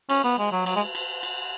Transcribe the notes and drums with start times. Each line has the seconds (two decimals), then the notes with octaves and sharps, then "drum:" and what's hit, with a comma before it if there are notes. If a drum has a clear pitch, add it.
0.09 C#4, drum: cymbal
0.24 B3
0.39 G#3
0.52 F#3
0.66 F#3, drum: cymbal
0.76 G#3
0.95 drum: cymbal
1.23 drum: cymbal